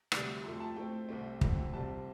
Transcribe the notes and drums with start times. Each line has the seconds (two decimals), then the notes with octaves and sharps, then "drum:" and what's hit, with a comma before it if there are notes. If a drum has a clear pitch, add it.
0.12 D2 C3 G3 D5, drum: rim click
0.44 F2 F3 A3 C6
0.60 A5
0.77 A2 A3 C4 G5
1.09 C2 C3 A3 C4
1.41 F2 D3 A3 C4, drum: kick
1.73 C2 C3 G3 C4 A5